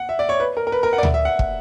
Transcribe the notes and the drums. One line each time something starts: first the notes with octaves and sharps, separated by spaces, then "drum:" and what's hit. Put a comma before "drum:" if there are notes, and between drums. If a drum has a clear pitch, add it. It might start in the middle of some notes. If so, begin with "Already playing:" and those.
Already playing: F#5
E5
D5
C#5
B4
A#4
A#4
B4
A#4
F#5
D5
E5, drum: tom D2
E5
F#5
drum: kick